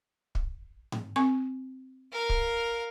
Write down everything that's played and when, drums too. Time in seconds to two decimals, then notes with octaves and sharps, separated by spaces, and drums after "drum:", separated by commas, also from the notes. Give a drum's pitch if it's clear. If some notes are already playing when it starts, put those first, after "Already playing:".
0.35 drum: kick
0.92 drum: tom G#2
1.16 C4 C#6
2.12 A#4 F5
2.29 drum: kick